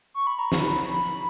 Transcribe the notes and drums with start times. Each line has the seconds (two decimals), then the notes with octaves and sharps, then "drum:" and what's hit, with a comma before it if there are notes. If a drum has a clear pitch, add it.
0.14 C#6
0.27 B5
0.39 A#5
0.52 B5, drum: snare